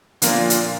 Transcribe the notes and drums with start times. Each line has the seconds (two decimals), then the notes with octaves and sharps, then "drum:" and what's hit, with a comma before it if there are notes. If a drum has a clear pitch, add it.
0.22 A#2 D3 F3 A#3, drum: hi-hat
0.50 drum: hi-hat